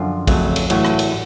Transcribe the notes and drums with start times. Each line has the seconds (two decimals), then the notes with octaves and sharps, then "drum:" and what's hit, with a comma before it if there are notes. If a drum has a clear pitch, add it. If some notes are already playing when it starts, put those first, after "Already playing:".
Already playing: F#2 D3 F3 F4
0.27 F2 C#3 F#3 A3, drum: kick, cymbal
0.56 drum: cymbal
0.70 A2 E3 F#3 A3 F#4, drum: cymbal
0.85 drum: rim click
0.99 drum: cymbal